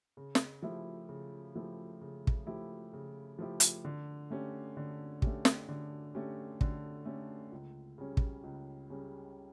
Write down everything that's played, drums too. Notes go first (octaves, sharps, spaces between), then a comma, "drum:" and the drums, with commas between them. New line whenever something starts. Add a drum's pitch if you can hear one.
C#3
drum: snare
F3 A3 E4 G4
C#3
F3 A3 E4 G4
C#3
drum: kick
F3 A3 E4 G4
C#3
F3 A3 E4 G4
drum: hi-hat
D3
A3 C#4 G4
D3
A3 C#4 G4, drum: kick
drum: snare
D3
A3 C#4 G4
D3, drum: kick
A3 C#4 G4
C#2
C#3 G3 C#4
drum: kick
C#2
C#3 G3 C#4